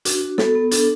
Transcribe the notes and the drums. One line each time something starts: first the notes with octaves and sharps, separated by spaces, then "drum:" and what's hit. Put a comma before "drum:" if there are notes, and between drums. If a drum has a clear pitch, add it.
D4 F#4, drum: hi-hat
F#4
B3 A4, drum: snare
B3
D4 A4, drum: hi-hat